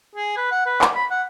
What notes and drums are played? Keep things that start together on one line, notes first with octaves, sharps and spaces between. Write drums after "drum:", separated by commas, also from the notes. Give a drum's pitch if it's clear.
G#4
B4
F#5
B4
D6, drum: clap
B5
F#5